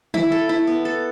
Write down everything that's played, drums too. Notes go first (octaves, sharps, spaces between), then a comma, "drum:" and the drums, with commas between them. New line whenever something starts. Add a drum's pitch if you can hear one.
E4, drum: tom
A4
E4
B3
A4